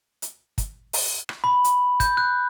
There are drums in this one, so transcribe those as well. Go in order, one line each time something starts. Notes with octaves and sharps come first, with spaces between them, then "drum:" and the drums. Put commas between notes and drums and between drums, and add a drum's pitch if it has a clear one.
drum: hi-hat
drum: kick, hi-hat
drum: open hi-hat
drum: rim click
B5
drum: hi-hat
G6, drum: kick, hi-hat
F#6